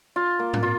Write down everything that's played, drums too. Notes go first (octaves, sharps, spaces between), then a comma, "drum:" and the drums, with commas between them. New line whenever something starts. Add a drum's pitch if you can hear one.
F4
A#3
drum: tom G#2
F4